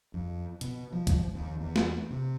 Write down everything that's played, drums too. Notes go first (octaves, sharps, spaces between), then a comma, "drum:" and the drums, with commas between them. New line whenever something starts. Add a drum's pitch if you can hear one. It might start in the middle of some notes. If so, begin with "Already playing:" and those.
F2
B2, drum: hi-hat
F3
drum: kick, hi-hat
D#2
E2
drum: snare
C3